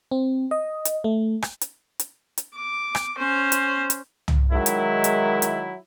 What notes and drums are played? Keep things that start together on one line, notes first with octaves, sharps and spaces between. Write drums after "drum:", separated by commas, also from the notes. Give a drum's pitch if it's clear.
C4
D#5
drum: hi-hat
A3
drum: rim click
drum: hi-hat
drum: hi-hat
drum: hi-hat
D6
drum: rim click
C#4 C5
drum: hi-hat
drum: hi-hat
drum: tom
D#3 F#3 G#3 E4
drum: hi-hat
drum: hi-hat
drum: hi-hat